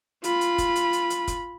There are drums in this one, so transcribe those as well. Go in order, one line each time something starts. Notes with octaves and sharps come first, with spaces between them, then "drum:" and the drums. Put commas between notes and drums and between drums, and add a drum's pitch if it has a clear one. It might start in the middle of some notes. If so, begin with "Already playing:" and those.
F4 B5, drum: hi-hat
drum: hi-hat
drum: kick, hi-hat
drum: hi-hat
drum: hi-hat
drum: hi-hat
drum: kick, hi-hat